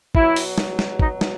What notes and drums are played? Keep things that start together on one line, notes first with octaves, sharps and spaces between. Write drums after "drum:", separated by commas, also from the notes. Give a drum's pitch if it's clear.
B2 F#3 E4, drum: kick
drum: open hi-hat
drum: snare
drum: snare
D#4, drum: kick
drum: snare